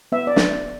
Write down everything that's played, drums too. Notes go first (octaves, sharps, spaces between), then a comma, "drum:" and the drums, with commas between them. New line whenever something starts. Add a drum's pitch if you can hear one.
B3 E5
D5
drum: snare